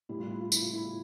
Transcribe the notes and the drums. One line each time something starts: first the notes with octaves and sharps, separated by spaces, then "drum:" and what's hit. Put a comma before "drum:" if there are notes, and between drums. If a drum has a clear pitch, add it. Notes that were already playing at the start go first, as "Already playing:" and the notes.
A2 G3 E4
F4
E4
F4
E4, drum: tambourine
F4
E4
F4